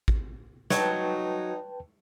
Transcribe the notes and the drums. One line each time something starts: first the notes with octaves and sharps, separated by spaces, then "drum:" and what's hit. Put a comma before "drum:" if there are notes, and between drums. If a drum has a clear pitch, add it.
drum: kick
F#3 D#4 B4 G5 A5, drum: snare